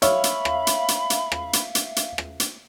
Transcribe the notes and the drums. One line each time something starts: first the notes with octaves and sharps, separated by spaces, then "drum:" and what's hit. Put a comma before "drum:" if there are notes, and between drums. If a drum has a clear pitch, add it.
C#5 E5 F5 B5, drum: hi-hat
drum: hi-hat
drum: rim click
drum: hi-hat
drum: hi-hat
drum: hi-hat
drum: rim click
drum: hi-hat
drum: hi-hat
drum: hi-hat
drum: rim click
drum: hi-hat